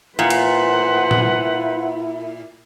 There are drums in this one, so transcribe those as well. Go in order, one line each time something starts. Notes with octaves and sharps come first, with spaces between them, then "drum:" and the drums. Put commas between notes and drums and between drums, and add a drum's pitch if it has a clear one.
A#2 E4 B4 C5 F#5
drum: cymbal
drum: tom A#2